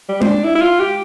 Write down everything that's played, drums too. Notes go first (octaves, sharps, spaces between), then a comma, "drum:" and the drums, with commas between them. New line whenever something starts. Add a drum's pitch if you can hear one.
G3
C4, drum: tom G#3
D4
E4
E4
F4
G4